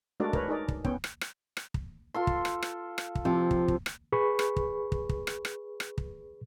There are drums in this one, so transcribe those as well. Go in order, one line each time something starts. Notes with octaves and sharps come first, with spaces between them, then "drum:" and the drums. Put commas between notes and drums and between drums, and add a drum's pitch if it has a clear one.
G#3 A3 D4 F#4 A#4 D5
A#4 B4 C#5, drum: kick
D#4 G#4 A#4 D5
drum: kick
B3 C#4 C#5 G5, drum: kick
drum: rim click
drum: rim click
drum: rim click
drum: kick
F4 A4 C6
drum: kick
drum: rim click
drum: rim click
drum: rim click
drum: kick
C3 F3
drum: kick
drum: kick
drum: rim click
G#4 B4 B5 C#6
drum: rim click
drum: kick
drum: kick
drum: kick
drum: rim click
drum: rim click
drum: rim click
drum: kick